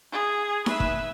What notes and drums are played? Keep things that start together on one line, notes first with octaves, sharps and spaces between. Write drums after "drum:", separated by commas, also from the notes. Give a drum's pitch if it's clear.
G#4
B4 E5, drum: snare D#4
drum: kick